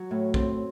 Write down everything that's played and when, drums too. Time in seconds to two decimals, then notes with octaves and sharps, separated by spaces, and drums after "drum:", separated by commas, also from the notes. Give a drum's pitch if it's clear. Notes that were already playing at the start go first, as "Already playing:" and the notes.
Already playing: F#3
0.11 A2
0.34 C4, drum: kick